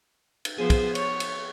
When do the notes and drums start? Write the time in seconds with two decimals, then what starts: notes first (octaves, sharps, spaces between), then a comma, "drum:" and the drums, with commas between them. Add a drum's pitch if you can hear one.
0.45 drum: cymbal
0.58 F3 B3 G#4 C5
0.70 drum: kick, cymbal
0.95 C#5, drum: cymbal
1.20 drum: cymbal